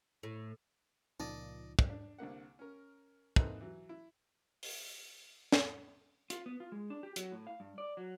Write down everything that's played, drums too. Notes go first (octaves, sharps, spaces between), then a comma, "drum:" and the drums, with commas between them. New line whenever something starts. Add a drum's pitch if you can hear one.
A2
C#2 A#2 F3 D#4 D5 D#5
drum: kick
D4
C2 D3 A#3 F#5
C#4 A#4
E3 A#3 C4 D#4 A4 B4, drum: kick
E3 F#3
E4
drum: open hi-hat
drum: snare
F4, drum: hi-hat
B3
F4
G#3
D4
G4
F#3, drum: hi-hat
A2
F5
G2
D5
F#3